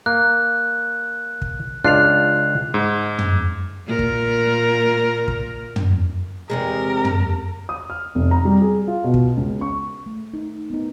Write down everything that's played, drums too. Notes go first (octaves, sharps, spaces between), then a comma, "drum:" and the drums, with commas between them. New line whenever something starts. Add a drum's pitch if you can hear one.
A#3 F#6
drum: kick
C#2 D4 F4 F#6 C7 F7
G#2
drum: tom
A#2 A#4
drum: kick
drum: kick
drum: tom
E2 C3 G#3 A#4
drum: tom
D#6
F6
F1
A#5
G3
G#4
F4
B2
drum: kick
C#2
C#6
A3
D#4
B3 D#4